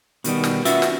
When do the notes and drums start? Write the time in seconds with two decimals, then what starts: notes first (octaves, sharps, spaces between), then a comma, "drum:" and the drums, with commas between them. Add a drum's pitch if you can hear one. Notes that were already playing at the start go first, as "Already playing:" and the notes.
0.24 B2 D#3 G3 B3, drum: hi-hat
0.44 drum: snare
0.65 B3 C#4 F4 F#4 E5, drum: hi-hat
0.82 drum: snare